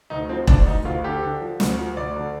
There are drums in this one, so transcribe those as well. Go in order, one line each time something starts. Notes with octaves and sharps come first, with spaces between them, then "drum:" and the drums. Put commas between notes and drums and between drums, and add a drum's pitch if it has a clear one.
D2 D#4
F3 C4
D2 D4, drum: kick E1
D2 D#4
D2 F4
D3 G4
D3
F3
D2, drum: snare
F3
D2 D5
D3